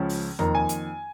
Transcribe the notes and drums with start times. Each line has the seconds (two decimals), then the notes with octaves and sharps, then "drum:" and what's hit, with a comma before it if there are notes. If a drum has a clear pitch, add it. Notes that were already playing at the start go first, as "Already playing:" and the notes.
Already playing: C#2 C#3 F3 C#4
0.09 drum: open hi-hat
0.39 F2 D#3 A#3 A#5, drum: tom E2
0.55 G#5
0.69 drum: hi-hat